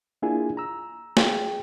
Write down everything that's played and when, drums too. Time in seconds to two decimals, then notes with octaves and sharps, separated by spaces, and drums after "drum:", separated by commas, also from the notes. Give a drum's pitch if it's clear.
0.22 A#3 D4 E4 F4 G#4 G#5
0.57 A#5 E6
1.17 G#4 G5, drum: snare